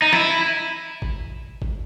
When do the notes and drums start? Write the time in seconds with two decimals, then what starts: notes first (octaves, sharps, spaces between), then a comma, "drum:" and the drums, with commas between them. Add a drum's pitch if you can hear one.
0.02 D#4
0.13 E4, drum: snare
1.02 drum: kick G#1
1.62 drum: kick G#1